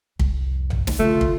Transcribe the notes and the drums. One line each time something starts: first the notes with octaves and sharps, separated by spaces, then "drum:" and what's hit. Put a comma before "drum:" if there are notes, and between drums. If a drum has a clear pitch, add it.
C2 F2, drum: kick
drum: tom A1
drum: snare
D2 C3 A3 F4
drum: kick